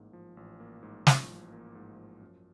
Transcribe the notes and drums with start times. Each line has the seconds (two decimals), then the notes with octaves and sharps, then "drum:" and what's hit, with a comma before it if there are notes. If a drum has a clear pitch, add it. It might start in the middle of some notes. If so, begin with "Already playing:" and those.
Already playing: A1 G#2 A#3
0.13 F3
0.37 A1
0.60 A#3
0.83 G#2
1.07 F3, drum: snare
1.30 A1
1.52 A#3
1.75 G#2
1.98 F3
2.21 F#2